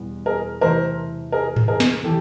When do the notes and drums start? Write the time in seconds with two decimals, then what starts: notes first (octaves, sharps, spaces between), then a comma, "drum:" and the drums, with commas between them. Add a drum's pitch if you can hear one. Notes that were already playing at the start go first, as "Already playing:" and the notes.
Already playing: E2 B2 G3 E4
0.26 G#4 A#4
0.61 C3 E3 A3 A#4 C5
1.32 G#4 A#4
1.56 drum: tom G#2
1.68 G#4 A#4
1.80 drum: snare
2.04 E3 G4 A4